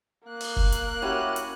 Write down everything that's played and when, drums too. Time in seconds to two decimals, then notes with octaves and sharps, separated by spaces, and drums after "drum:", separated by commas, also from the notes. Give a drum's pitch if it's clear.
0.25 A#3 F#6
0.41 drum: open hi-hat
0.56 drum: kick F1
0.72 drum: hi-hat
1.02 C#4 E4 F#4 G4
1.36 drum: hi-hat